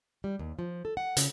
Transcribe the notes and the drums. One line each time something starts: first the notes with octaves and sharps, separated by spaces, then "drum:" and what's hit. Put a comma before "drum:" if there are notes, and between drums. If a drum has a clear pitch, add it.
G3
D#2
F3
A4
F#5
C#3, drum: hi-hat